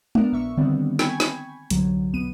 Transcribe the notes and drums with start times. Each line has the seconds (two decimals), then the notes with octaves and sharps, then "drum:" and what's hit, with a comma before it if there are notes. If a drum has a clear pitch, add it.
0.15 B3 D4 A#4, drum: tom G#3
0.32 A#1 E5 C#6
0.57 D3 D#3 G3 B3 C4 D4
0.99 G5 G#5 B5 C#6 G#6, drum: snare
1.20 drum: snare
1.70 C2 F#2 D3 F#3, drum: hi-hat
2.13 B1 B3 D#7